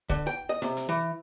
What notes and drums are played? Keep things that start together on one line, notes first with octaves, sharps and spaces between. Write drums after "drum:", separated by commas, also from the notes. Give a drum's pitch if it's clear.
D3, drum: kick C#1
G5
D#5
C3, drum: snare
drum: hi-hat
E3